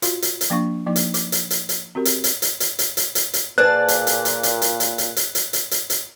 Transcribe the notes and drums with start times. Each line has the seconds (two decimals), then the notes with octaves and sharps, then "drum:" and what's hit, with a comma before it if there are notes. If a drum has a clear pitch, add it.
0.02 F4 F#4 F5 C6, drum: hi-hat
0.22 drum: hi-hat
0.41 drum: hi-hat
0.50 F3 A#3 D4 F5 C#6
0.86 F3 A#3 D#4 D6
0.96 drum: hi-hat
1.14 D6, drum: hi-hat
1.32 drum: hi-hat
1.50 drum: hi-hat
1.69 drum: hi-hat
1.95 C4 F#4 G4 A#4
2.05 drum: hi-hat
2.24 drum: hi-hat
2.42 drum: hi-hat
2.60 drum: hi-hat
2.79 drum: hi-hat
2.97 drum: hi-hat
3.15 drum: hi-hat
3.33 drum: hi-hat
3.58 A#2 G#4 B4 C5 D5 A5 F#6
3.88 drum: hi-hat
4.07 drum: hi-hat
4.25 drum: hi-hat
4.43 drum: hi-hat
4.62 drum: hi-hat
4.80 drum: hi-hat
4.98 drum: hi-hat
5.16 drum: hi-hat
5.35 drum: hi-hat
5.53 drum: hi-hat
5.71 drum: hi-hat
5.90 drum: hi-hat